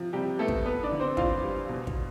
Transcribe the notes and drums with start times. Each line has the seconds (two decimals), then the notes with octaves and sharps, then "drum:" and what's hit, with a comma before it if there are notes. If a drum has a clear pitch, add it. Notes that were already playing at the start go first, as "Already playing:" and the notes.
Already playing: C3 F3
0.13 C3 G3 G4
0.39 A3 B3 A4
0.48 drum: kick
0.66 B3 B4
0.83 D4 D5
0.92 D3
1.00 C4 C5
1.17 E2 F4 F5, drum: kick
1.43 G3
1.69 B2
1.87 drum: kick